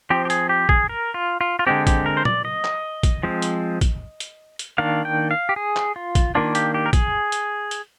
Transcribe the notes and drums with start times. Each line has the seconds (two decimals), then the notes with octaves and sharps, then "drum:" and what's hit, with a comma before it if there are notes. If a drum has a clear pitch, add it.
0.10 F3 C4 G4
0.25 G4
0.30 G#4, drum: hi-hat
0.49 G4
0.69 G#4, drum: kick
0.89 A#4
1.14 F4
1.41 F4
1.59 F4
1.67 D3 G#3 C4 G4
1.87 G4, drum: kick, hi-hat
2.06 A#4
2.17 C5
2.25 D5, drum: tom A#2
2.45 D#5
2.64 drum: clap
3.03 drum: kick, hi-hat
3.23 F3 G#3 C4
3.42 drum: hi-hat
3.81 drum: kick, hi-hat
4.20 drum: hi-hat
4.59 drum: hi-hat
4.78 D#3 A#3 D4 F5
5.05 G5
5.31 F5
5.49 G4
5.56 G#4
5.76 drum: clap
5.96 F4
6.15 drum: kick, hi-hat
6.35 D#3 A#3 D4 F4
6.55 G4, drum: hi-hat
6.74 G4
6.86 A#4
6.93 G#4, drum: kick, hi-hat
7.32 drum: hi-hat
7.71 drum: hi-hat